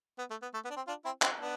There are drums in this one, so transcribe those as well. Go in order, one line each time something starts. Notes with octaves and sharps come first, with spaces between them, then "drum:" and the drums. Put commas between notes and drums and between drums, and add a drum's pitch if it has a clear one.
B3
A3
B3
A3
B3
D4
C4
D4 F4
C4 E4
C4 E4, drum: clap
B3 D4